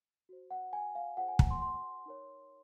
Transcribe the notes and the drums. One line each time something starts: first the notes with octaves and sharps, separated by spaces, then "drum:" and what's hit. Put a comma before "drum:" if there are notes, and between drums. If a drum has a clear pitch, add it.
F#4 C5
F#5
G#5
F5
F4 G#4 C5 F#5
G#5
A#5, drum: kick
C6
C6
D#4 A#4 C#5